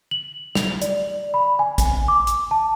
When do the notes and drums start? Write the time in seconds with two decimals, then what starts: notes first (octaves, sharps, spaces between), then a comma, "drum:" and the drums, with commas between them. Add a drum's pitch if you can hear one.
0.11 F#7
0.55 F7, drum: snare
0.82 D5, drum: hi-hat
1.34 B5
1.59 G#5
1.78 drum: kick, hi-hat
2.08 D6
2.27 drum: hi-hat
2.51 A5